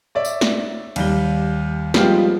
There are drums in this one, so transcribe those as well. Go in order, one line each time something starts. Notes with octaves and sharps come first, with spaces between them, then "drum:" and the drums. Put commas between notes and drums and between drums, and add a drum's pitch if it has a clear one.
C#5 D5 E5
drum: tambourine
drum: snare
D#2 G3 G7, drum: cymbal
F3 G3 G#3 B3 F4 G4, drum: snare